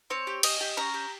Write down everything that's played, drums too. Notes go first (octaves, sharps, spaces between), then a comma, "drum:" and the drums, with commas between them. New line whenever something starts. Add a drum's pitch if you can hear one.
C4 C#5
G4
C#4 D#5, drum: cymbal
G4
C#4 A#5
G4